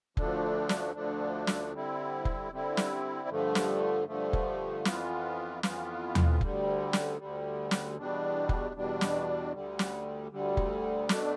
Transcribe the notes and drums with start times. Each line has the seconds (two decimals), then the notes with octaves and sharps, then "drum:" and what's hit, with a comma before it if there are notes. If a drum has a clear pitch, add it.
0.17 D2 D3 F3 A3 D4, drum: kick F1
0.69 drum: snare
0.95 D2 D3 F3 A3 D4
1.47 drum: snare
1.73 D3 G3 C4 E4
2.25 drum: kick F1
2.52 D3 G3 C4 E4
2.77 drum: snare
3.29 G2 D3 F3 A3
3.55 drum: snare
4.08 G2 D3 F3 A3
4.33 drum: kick F1
4.85 F2 E3 B3 F4, drum: snare
5.63 F2 E3 B3 F4, drum: snare
6.15 drum: tom
6.41 D2 D3 G3, drum: kick F1
6.93 drum: snare
7.19 D2 D3 G3
7.71 drum: snare
7.97 E2 B2 G3 D4
8.49 drum: kick F1
8.75 E2 B2 G3 D4
9.01 drum: snare
9.53 D2 D3 G3
9.79 drum: snare
10.32 D2 D3 G3
10.57 drum: kick F1
11.09 B2 A3 D4, drum: snare